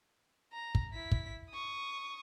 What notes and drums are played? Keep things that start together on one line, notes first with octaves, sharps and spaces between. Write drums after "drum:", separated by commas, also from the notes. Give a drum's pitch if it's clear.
A#5
drum: kick
E4 B6
drum: kick
C#6 D#6